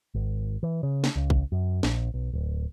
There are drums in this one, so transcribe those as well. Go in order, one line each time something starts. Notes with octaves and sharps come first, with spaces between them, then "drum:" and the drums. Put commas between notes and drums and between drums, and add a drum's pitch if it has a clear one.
G#1
E3
C#3
drum: snare
C#2
drum: kick A1
F#2
A#1, drum: snare
B1
D1